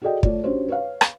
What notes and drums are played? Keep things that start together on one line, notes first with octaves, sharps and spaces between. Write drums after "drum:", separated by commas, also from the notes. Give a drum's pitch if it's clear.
F#4 G#4 A4 D5 D#5 G5
A3 F4 C#5 D5, drum: kick
C#4 D4 F#4 G4 C5 C#5
B4 C#5 F5
drum: rim click